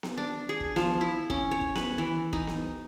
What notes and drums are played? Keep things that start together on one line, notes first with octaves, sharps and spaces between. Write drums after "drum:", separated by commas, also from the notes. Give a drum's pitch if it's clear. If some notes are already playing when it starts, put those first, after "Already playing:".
drum: snare B3
D4
G#4
drum: kick
F3, drum: snare B3
E4
C#4, drum: kick
C#5
drum: kick
B4, drum: snare B3
E3
D#4, drum: kick
drum: snare B3